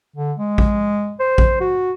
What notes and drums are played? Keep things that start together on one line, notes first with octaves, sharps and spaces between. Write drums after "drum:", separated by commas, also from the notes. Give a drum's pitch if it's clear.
D3
G#3
drum: kick A#1
C5
drum: kick A#1
F#4